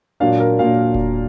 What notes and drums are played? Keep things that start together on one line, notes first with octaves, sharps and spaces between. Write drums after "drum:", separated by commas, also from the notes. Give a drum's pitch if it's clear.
A#2 F#3 A#3 D4 F5
A#4
A#2 F#3 A#3 D4 F5
drum: kick E1